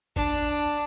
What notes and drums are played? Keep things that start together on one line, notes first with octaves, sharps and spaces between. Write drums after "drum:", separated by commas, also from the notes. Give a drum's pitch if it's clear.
D4, drum: kick G#1